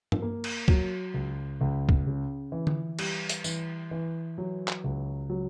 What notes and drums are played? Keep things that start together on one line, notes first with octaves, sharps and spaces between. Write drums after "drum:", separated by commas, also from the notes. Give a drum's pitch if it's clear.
drum: tom
A#3
drum: cymbal
F#3, drum: kick
C#2
C#2
drum: kick
C#3
E3
drum: tom D3
G3, drum: cymbal
drum: hi-hat
E3, drum: tambourine
E3
F#3
drum: clap
C#2
F#3